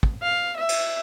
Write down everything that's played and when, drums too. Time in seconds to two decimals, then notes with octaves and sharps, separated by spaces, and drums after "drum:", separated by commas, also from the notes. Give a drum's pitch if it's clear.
0.03 drum: kick
0.23 F5
0.56 E5
0.69 drum: cymbal